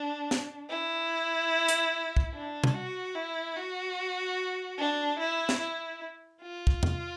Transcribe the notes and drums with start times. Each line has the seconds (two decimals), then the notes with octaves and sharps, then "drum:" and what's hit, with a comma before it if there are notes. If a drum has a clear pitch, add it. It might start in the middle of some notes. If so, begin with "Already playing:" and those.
Already playing: D4
0.31 drum: snare
0.70 E4
1.68 drum: hi-hat
2.17 drum: kick
2.34 D4
2.64 drum: tom B2
2.74 F#4
3.15 E4
3.56 F#4
4.78 D4
5.20 E4
5.49 drum: snare
5.60 E4
6.42 F4
6.67 drum: kick
6.83 drum: tom E2